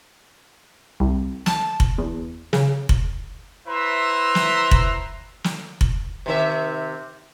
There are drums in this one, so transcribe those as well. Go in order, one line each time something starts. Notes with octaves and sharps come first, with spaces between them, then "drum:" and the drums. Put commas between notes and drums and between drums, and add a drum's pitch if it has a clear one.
C2
A5, drum: snare
drum: kick F1
E2
C#3, drum: snare
drum: kick F1
E4 B4 C5 E5 A#5 C6
drum: snare
drum: kick F1
drum: snare
drum: kick F1
C3 D#3 E5